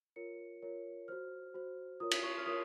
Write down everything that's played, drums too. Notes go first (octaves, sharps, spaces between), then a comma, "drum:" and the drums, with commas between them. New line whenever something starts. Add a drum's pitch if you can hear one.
F4 A#4 C#5 C#7
F4 A#4 C#5
F#4 C5 F6
F#4 C5
F4 A#4 C#5 D#6
drum: cymbal
C#6
F6
F4 A#4 C#5 D#6